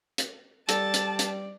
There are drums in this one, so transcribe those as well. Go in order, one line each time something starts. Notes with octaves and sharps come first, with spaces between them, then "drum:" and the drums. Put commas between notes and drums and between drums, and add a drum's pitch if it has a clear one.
drum: hi-hat
G3 A4 D5 A5, drum: hi-hat
drum: hi-hat
drum: hi-hat